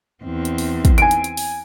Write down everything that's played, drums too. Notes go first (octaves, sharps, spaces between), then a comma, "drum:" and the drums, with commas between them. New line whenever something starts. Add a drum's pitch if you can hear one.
E2 C4
drum: hi-hat
drum: open hi-hat
drum: kick, hi-hat
G#5 D7, drum: hi-hat
drum: hi-hat
drum: hi-hat
drum: open hi-hat